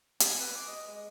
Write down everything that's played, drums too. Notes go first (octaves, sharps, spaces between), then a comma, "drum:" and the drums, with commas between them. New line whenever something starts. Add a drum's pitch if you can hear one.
G#5, drum: hi-hat
B4
D6
D#5
G#3